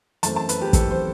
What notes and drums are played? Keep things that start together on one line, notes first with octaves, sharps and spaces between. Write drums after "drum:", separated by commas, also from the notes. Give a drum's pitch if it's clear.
F#2 E3 A3 C4 A5, drum: hi-hat
A5
B4, drum: hi-hat
G4
F#2 E3 A3 C4 A4, drum: kick, hi-hat
C5